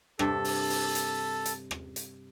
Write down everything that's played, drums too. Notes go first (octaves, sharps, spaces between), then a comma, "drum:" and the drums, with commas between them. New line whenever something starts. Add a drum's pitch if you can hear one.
G2 C3 A4, drum: rim click
drum: open hi-hat
drum: open hi-hat
drum: hi-hat
drum: hi-hat
drum: rim click
drum: hi-hat